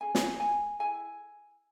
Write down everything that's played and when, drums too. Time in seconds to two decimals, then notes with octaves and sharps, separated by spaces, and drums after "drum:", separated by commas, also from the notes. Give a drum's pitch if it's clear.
0.01 C#4 G#4 G#5
0.15 drum: snare
0.40 G#5
0.79 E4 G#4 G#5